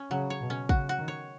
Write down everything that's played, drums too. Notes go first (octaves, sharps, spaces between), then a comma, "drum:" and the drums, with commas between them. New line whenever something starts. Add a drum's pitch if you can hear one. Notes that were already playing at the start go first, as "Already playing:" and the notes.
Already playing: C#4
C#3 F#3
C#5
B2
C#4
C#3 F#4, drum: kick
F#4
D#3
C#5